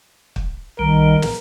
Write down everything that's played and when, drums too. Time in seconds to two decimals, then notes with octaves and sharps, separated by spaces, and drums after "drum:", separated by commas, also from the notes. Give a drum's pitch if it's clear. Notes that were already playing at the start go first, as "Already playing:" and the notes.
0.36 drum: kick
0.79 B1 D#3 G3 A#4
1.22 drum: snare